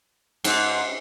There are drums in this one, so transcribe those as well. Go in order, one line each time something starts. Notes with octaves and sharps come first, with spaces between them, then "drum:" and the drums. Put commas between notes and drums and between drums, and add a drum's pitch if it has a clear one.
G#2, drum: cymbal